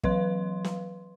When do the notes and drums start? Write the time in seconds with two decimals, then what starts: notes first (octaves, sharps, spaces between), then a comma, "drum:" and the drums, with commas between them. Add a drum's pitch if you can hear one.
0.03 E3 F#3 B4 F5 C6, drum: kick
0.64 drum: snare